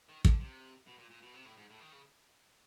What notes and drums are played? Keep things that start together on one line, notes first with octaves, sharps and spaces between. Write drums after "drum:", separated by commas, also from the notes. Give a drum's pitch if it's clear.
D#3
D3, drum: kick
C3
B2
A#2
A#2
B2
C3
A2
G#2
A2
D#3
C#3